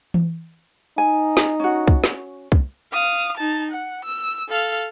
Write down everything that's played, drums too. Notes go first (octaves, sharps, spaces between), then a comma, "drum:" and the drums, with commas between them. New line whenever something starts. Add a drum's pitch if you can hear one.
drum: tom E3
D#4 G#5
drum: snare
C#4 F#4
drum: kick
drum: snare
drum: kick
F5 D#6
D#4 A5
F#5
E6
A4 F5